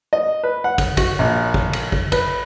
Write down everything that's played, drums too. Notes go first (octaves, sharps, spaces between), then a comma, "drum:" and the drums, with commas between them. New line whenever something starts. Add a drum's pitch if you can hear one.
D#5
B4
F#5
drum: kick, cymbal
F#4, drum: kick, cymbal
A#1
drum: kick
drum: cymbal
drum: kick
B4, drum: kick, cymbal